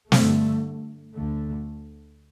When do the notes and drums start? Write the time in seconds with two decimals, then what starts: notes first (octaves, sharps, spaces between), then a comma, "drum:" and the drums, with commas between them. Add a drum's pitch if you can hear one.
0.12 G2 D3 A3, drum: snare
1.14 D2 D3 A3